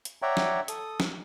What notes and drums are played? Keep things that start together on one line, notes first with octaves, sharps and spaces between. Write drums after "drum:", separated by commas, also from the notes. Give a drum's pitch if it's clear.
drum: hi-hat
C#5 D5 E5 F#5 G5 A#5
drum: snare
A4 D#6, drum: hi-hat
drum: snare